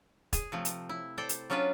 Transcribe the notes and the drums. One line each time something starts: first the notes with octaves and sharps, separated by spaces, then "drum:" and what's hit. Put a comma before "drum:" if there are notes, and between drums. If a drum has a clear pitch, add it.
G#4, drum: kick E1, hi-hat
C3 F3 A3
drum: hi-hat
E4
A4 C5 D5 G5
drum: hi-hat
F#3 C#4 D4 F4 B4